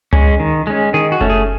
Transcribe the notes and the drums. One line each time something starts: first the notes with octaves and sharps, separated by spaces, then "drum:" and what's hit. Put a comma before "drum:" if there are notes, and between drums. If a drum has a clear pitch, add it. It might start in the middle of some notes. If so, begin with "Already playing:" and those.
G#3 C#4, drum: tom C#2
D#3
G#3 C#4
D#3 G#4
F#4
A3 C#4, drum: kick F#1
G#4